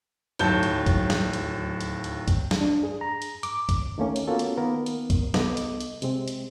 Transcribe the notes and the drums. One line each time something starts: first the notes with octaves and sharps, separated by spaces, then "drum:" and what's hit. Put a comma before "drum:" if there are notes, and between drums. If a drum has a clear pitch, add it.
D1 D#2 F#3 A5 G6 G7, drum: hi-hat
drum: hi-hat
drum: kick, hi-hat
drum: snare
drum: hi-hat
drum: hi-hat
drum: hi-hat
drum: kick, hi-hat
drum: snare
D4
G#4
A#5
drum: hi-hat
D6, drum: hi-hat
drum: kick, hi-hat
D#3 A3 A#3 C#4
drum: hi-hat
A#3 B3 C#4 F4 F#4 A4
drum: hi-hat
D#3 A#3 B3 A#4
drum: hi-hat
drum: kick, hi-hat
C2 B3 A4 D#5 D6, drum: snare
drum: hi-hat
drum: hi-hat
C3 G#3 C4, drum: hi-hat
drum: hi-hat